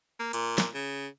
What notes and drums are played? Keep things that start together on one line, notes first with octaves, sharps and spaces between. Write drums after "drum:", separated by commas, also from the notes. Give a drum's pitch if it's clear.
A#3
A#2, drum: hi-hat
drum: snare
C#3